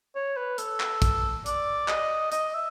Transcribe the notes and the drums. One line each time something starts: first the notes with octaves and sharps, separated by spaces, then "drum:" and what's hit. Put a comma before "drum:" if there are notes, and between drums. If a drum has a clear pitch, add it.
C#5
B4
A4, drum: hi-hat
drum: clap
drum: kick, hi-hat
D5, drum: hi-hat
D#5, drum: clap
D#5, drum: hi-hat
E5